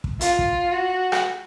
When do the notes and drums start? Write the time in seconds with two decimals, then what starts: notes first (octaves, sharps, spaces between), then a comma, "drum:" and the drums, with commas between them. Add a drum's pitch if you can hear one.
0.04 drum: kick
0.21 F4, drum: hi-hat
0.39 drum: kick
0.72 F#4
1.12 drum: rim click